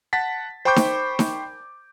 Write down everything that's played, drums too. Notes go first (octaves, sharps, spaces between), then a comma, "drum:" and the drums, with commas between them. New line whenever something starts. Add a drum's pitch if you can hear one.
F#5 A5 A6 B6
C5 G5 B5 C#6 D6 G6
drum: snare D#4
drum: snare D#4